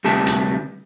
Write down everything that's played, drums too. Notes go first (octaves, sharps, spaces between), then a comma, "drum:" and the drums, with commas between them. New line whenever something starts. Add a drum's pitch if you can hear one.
D2 C3 G3 A3 A5
drum: hi-hat